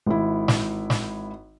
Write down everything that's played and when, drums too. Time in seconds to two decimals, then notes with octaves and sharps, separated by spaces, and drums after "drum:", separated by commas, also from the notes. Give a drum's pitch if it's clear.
0.06 G#1 E4
0.48 drum: snare
0.90 drum: snare